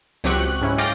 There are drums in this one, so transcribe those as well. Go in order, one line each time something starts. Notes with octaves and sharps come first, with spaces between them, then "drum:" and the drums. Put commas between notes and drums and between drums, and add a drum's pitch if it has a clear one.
C#2 F#3 C4 G4 C#6 F#6, drum: hi-hat
F#6
G#2 C#4 E4
F5 G5 D6 G6 A6 A#6, drum: hi-hat